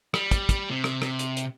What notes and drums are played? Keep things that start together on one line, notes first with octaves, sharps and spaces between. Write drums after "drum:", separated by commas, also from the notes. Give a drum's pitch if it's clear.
G3, drum: rim click
drum: kick, hi-hat
drum: kick, hi-hat
C3
drum: rim click
drum: rim click
drum: hi-hat
drum: hi-hat